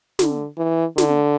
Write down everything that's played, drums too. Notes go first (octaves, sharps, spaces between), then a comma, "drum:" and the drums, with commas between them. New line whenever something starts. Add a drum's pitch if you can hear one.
D3, drum: snare
E3
D3, drum: snare